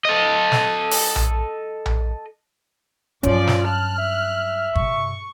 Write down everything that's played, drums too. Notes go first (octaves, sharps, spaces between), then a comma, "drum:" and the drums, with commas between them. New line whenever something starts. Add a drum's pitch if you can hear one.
A4 D#5
drum: snare
drum: open hi-hat
drum: tom A#1
drum: tom A#1
G2 F3 F#3 C#4 D5, drum: hi-hat
drum: snare
A5 F6 F#6
E5
G2 C3 C#6, drum: kick G1